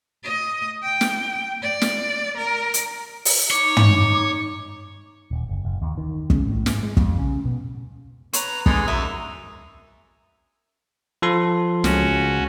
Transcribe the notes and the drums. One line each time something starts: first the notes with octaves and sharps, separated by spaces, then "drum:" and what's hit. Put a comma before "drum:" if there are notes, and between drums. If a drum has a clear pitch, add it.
D#5
G5
drum: snare
D5
drum: snare
A#4
drum: hi-hat
drum: open hi-hat
D#4 C#5 D6
drum: tom
D#1
F#1
F#1
D#2
D#3
C#3, drum: kick
A2
G#2, drum: snare
G#3
F2, drum: kick
C#3
B2
C4 B4 C#5 A#5, drum: hi-hat
D3 G#3 D#4 G#4, drum: kick
F#2 E5 D#6
F3 A4 C6
C#2 C#4 F#4, drum: snare